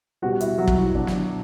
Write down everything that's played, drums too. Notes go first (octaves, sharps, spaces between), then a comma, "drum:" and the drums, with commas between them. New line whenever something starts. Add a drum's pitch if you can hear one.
B2 G3 F#4 F#5
F#5
E4 E5, drum: hi-hat
F#3 F#4
drum: kick
E4
B2 F#3 D4
drum: snare